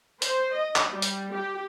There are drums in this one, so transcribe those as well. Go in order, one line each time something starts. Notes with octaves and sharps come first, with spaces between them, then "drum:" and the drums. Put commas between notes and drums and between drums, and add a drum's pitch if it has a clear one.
C5, drum: hi-hat
D#5
drum: clap
G3
drum: hi-hat
G4